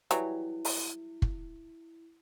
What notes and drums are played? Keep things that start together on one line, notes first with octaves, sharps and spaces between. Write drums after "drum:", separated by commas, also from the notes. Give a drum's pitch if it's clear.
E3 F#3 G3 E4, drum: hi-hat
drum: open hi-hat
drum: kick